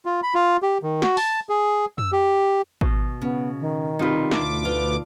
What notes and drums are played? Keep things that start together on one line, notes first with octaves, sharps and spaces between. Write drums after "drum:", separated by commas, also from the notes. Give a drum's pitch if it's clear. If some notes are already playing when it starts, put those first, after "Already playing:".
F4
B5
F4
G4
D#3
F#4, drum: snare
A5, drum: open hi-hat
G#4
E6, drum: tom
G4
B2, drum: kick G#1
C#3 B3
D#3
C3 G3 D#4 F4 B4
D2 D4 E5 D6, drum: snare
F4 B4